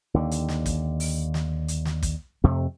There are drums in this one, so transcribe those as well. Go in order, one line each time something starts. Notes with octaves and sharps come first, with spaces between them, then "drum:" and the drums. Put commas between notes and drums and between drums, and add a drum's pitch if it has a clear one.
D#2 D3
drum: hi-hat
drum: snare
drum: kick, hi-hat
drum: open hi-hat
drum: snare
drum: hi-hat
drum: snare
drum: kick, hi-hat
F2 C3 A3